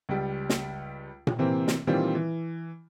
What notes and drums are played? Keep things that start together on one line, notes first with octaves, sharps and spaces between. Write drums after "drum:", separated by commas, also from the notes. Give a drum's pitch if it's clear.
C#2 G3
drum: snare
drum: tom A#2
C3 E3 A#3 C4
drum: snare
A#2 D#3 E3 G3 C4 F4
E3